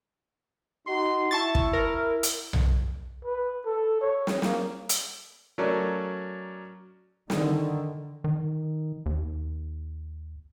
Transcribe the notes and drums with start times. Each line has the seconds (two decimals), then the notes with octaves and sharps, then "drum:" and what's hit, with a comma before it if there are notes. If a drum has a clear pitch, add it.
0.87 D#4 F#4 C6
1.31 E4 A5 C#6 A6
1.55 drum: kick
1.73 A#4
2.23 drum: hi-hat
2.53 drum: tom B1
3.25 B4
3.66 A4
4.01 C#5
4.27 drum: snare
4.42 A#3, drum: snare
4.89 drum: hi-hat
5.58 F#3 A3 C#4 A#4 D5
7.30 D3 D#3, drum: snare
8.24 D#3
9.06 D#2